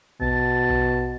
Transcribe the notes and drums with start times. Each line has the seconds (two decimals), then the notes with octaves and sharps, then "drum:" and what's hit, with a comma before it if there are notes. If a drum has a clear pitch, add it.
0.21 B2 A5, drum: kick A#1
0.70 drum: kick A#1